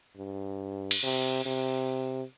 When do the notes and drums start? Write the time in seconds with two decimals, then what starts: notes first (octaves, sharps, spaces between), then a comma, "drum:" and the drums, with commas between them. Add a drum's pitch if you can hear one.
0.17 G2
0.91 drum: cymbal
1.03 C3
1.45 C3